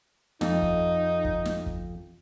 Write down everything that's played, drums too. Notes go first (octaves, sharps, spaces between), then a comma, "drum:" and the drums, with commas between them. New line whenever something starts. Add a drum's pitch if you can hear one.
F2 D#4, drum: snare
drum: kick
drum: kick
drum: snare
drum: kick